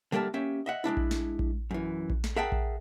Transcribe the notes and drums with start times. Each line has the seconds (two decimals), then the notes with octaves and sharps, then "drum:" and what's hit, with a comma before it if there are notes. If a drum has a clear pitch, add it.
0.12 D3 G3 A#3 A#4 E5 A5
0.34 A#3 C#4 G4 E5
0.66 D#5 E5 F#5
0.84 G#3 A#3 D4 E4
0.97 drum: kick A#1
1.11 drum: snare
1.39 drum: kick A#1
1.71 F#2 E3
2.10 drum: kick A#1
2.24 drum: snare
2.36 G#4 A#4 E5 F#5 G5 A5
2.52 drum: kick A#1